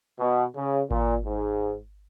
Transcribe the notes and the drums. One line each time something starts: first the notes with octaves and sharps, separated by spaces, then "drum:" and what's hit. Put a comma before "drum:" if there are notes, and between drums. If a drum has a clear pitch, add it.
B2
C#3
A#2, drum: kick G#1
G#2